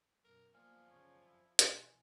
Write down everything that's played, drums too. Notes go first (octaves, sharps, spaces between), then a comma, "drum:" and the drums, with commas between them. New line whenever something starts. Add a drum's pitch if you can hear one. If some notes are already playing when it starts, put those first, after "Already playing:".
F#2 B2 A#4
F#2 F3 A#3 B3 D5 F5 G#5
C#3 C#5
F2 E4
B2 E4 G#5 C6, drum: hi-hat